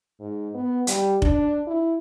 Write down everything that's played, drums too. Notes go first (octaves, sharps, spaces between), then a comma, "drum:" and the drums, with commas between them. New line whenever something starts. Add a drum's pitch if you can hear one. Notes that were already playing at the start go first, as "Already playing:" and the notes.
G#2
B3
G3, drum: hi-hat
D4, drum: kick F1
E4